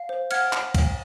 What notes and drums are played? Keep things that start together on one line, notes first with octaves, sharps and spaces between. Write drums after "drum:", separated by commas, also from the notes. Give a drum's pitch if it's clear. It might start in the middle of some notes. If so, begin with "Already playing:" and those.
Already playing: F5
C5
F#5 F6 G#6, drum: cymbal
drum: clap
drum: kick, cymbal